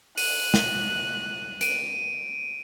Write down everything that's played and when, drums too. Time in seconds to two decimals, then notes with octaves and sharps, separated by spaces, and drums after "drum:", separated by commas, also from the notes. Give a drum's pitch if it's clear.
0.17 F#6 D#7, drum: open hi-hat
0.54 drum: snare
1.61 D7 D#7, drum: hi-hat